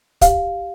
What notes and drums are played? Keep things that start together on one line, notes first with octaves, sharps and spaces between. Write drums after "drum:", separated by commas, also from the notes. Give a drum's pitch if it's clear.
G4 F5, drum: kick, hi-hat